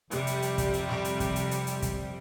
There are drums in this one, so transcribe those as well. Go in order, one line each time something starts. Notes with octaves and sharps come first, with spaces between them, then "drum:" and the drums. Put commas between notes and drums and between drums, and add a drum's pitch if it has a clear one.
F2 C3 G3, drum: hi-hat
drum: hi-hat
drum: hi-hat
drum: kick, hi-hat
drum: hi-hat
drum: snare
drum: hi-hat
drum: kick, hi-hat
drum: hi-hat
drum: hi-hat
drum: hi-hat
drum: kick, hi-hat